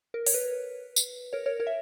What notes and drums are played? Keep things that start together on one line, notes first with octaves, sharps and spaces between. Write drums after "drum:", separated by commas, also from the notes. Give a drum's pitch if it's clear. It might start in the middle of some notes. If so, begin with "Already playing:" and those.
A#4
C#5, drum: open hi-hat
B4
drum: tambourine
A#4 C#5
A#4 C#5
A#4 C#5
E5